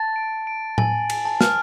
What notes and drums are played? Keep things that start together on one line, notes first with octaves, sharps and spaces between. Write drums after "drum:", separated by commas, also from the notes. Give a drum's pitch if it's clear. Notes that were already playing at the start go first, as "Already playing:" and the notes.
Already playing: A5 A6
D7
D7
G#5 F#7, drum: tom A2
D7, drum: cymbal
A5
F6, drum: snare